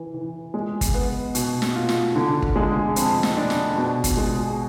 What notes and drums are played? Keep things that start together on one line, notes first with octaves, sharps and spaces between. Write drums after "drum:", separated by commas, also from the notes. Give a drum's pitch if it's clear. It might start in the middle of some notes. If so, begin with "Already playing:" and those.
Already playing: E3
E3
G#3
drum: kick, hi-hat
B3
B2, drum: hi-hat
drum: snare
F4
drum: snare
D3
drum: kick
G#3
F2, drum: hi-hat
drum: snare
D4
drum: snare
B2
drum: kick, hi-hat
G#3